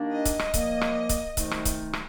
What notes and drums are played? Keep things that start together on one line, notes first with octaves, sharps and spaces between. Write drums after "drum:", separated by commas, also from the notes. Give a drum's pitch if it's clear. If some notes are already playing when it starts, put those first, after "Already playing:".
Already playing: D#3 A#3 D4 G4
D#5
drum: kick C#1, hi-hat
drum: rim click
A#2 F3 A#3, drum: kick C#1, hi-hat
drum: rim click
drum: kick C#1, hi-hat
C3 D#3 A3 D#4, drum: kick C#1, hi-hat
drum: rim click
drum: kick C#1, hi-hat
drum: rim click